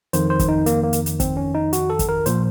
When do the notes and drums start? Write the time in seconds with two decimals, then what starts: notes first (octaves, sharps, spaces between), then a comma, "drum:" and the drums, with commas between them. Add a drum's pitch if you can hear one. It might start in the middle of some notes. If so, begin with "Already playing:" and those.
0.13 F2 D#3 C5, drum: hi-hat
0.30 C5
0.39 drum: kick, hi-hat
0.48 D#4
0.66 A#3, drum: hi-hat
0.83 A#3
0.93 drum: hi-hat
1.06 drum: hi-hat
1.20 C4, drum: kick, hi-hat
1.37 C#4
1.55 D#4
1.73 F#4, drum: hi-hat
1.90 A4
1.99 drum: kick, hi-hat
2.09 A#4
2.26 A#2 F3 C5, drum: hi-hat